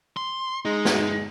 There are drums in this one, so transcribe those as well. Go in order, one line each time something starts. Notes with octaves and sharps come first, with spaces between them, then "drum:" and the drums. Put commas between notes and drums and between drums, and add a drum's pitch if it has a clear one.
C6
G#3 D#4
drum: snare